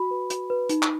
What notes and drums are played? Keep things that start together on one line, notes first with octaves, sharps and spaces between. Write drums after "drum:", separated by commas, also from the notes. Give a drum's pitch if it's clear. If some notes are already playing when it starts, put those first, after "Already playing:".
Already playing: F#4 B5
B4
F#4, drum: hi-hat
B4
D#4, drum: hi-hat
drum: clap